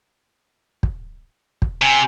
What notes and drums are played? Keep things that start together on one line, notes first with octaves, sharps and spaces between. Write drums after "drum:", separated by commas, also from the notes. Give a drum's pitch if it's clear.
drum: kick
drum: kick
C3 G#5